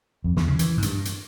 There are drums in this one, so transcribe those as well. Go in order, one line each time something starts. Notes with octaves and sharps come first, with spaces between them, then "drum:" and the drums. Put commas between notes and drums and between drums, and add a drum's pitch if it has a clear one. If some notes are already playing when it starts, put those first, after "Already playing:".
F2
E2, drum: snare
C#3
E3, drum: hi-hat
G#2
G2, drum: hi-hat
drum: hi-hat